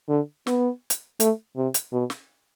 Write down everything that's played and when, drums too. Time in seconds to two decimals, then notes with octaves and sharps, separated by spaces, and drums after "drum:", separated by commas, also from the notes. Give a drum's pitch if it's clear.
0.09 D3
0.47 B3, drum: snare
0.90 drum: hi-hat
1.20 A3, drum: hi-hat
1.56 C3
1.74 drum: hi-hat
1.93 B2
2.10 drum: snare